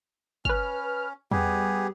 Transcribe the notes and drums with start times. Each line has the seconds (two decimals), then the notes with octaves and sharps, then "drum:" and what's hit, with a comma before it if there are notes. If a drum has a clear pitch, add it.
0.45 C#4 B4 F6, drum: kick
1.31 G3 B3 G4 G#4, drum: tom E2